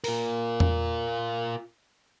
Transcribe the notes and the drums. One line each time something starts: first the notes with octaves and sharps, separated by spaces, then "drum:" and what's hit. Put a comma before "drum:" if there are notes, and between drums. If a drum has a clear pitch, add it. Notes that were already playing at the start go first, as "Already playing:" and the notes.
F4 A#4, drum: open hi-hat
drum: tom E2